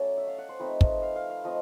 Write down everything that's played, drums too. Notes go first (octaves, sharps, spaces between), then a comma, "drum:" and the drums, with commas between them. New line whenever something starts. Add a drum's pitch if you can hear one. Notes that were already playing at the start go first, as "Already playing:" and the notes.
Already playing: F#3 A3 C#4 D5
E5
F5
F#5
C5
F3 A3 C4 D#4 B4
drum: kick
F5
F5
F5
F3 A3 C4 D#5